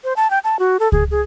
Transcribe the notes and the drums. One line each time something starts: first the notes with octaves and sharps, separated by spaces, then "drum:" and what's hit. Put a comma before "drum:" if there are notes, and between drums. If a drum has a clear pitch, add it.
C5
A5
G5
A5
F#4
A4
G#4, drum: kick C#2
G#4